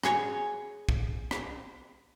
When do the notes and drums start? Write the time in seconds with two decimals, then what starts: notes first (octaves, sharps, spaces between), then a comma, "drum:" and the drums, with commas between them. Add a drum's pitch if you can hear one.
0.03 F#4 G#4 C#5, drum: rim click
0.89 drum: kick
1.31 drum: rim click